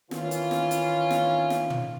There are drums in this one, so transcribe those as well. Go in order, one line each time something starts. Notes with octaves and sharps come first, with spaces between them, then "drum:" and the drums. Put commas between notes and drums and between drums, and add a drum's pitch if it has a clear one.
D#3 E3 C#4 F4, drum: snare
drum: hi-hat
drum: snare
drum: hi-hat
drum: snare
drum: snare
drum: tom